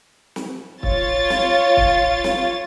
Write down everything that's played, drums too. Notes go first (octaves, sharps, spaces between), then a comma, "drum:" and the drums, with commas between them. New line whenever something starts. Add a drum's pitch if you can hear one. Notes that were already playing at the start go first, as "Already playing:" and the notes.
drum: snare
F4 C#5 A6, drum: kick
drum: snare
drum: kick
drum: snare